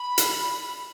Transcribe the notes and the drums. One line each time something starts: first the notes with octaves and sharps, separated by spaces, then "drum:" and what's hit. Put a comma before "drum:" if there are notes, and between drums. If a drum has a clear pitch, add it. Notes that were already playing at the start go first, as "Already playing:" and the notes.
Already playing: B5
drum: hi-hat